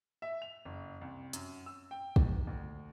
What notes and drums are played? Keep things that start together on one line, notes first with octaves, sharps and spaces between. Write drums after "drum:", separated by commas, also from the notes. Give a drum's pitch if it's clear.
E5
F7
F#1
C2
F#2, drum: hi-hat
E6
G5
D#2, drum: kick
D2